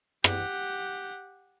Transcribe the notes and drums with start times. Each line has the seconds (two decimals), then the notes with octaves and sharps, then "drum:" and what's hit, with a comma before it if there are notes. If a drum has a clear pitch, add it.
0.24 G4 F#5, drum: rim click